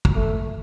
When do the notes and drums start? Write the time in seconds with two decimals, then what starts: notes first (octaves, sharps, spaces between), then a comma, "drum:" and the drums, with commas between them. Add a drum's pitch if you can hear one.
0.05 drum: kick
0.16 A3